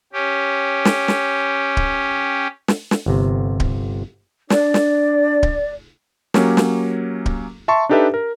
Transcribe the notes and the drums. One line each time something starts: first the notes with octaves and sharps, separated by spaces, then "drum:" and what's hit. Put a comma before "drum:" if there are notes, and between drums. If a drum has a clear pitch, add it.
C#4 G4
drum: snare
drum: snare
drum: kick D1
drum: snare
drum: snare
G1 C3
drum: kick D1
D4 D5, drum: snare
drum: snare
drum: kick D1
F#3 A#3 C#4 G4, drum: snare
drum: snare
drum: kick D1
E5 A5 C6 C#6
D4 D#4 G4 A4 B4 E5
A#4